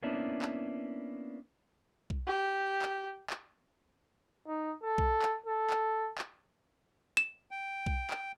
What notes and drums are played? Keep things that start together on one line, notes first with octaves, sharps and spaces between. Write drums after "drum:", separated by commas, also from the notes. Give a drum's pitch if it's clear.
A#3 B3 C#4 D4 E4
drum: clap
drum: kick B1
G4
drum: clap
drum: clap
D#4
A4
drum: kick B1
drum: clap
A4
drum: clap
drum: clap
E7
G5
drum: kick B1
drum: clap